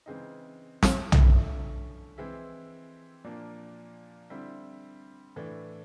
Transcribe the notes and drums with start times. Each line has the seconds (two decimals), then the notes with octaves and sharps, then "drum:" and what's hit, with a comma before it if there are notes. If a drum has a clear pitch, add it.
0.06 C#3 E3 G#3 C4 D#4
0.83 drum: snare
1.12 D3 F3 A3 C#4 E4, drum: tom B1
2.18 E3 G#3 C4 E4
3.24 A#2 F3 A#3 D4
4.30 D3 G3 C4 E4
5.36 A2 E3 A3 D4